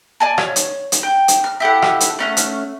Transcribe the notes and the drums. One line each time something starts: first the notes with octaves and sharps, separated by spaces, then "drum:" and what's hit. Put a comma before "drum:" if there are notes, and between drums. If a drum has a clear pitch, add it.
D5 G#5 A5
C#5, drum: rim click
drum: hi-hat
drum: hi-hat
G5
drum: hi-hat
F6
E4 G4 A4 F#5
drum: rim click
drum: hi-hat
A3 C#4 F#5
drum: hi-hat